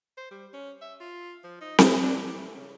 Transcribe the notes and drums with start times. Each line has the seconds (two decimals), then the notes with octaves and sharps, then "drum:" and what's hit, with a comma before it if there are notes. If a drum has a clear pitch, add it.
0.17 C5
0.31 G3
0.53 C#4
0.81 E5
1.00 F4
1.44 F3
1.61 D#4
1.78 G#4, drum: snare C4
2.03 D4
2.18 G4
2.38 A3
2.56 C#3